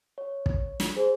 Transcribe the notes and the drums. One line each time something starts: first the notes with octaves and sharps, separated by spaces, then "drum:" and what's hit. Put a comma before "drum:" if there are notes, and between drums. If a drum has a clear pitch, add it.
C#5
drum: kick
drum: snare
G#4 C5